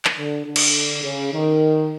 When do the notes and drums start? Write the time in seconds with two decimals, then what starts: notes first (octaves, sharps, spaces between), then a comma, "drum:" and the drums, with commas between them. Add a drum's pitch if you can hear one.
0.05 drum: clap
0.17 D3
0.45 D3
0.56 drum: cymbal
1.03 C#3
1.33 D#3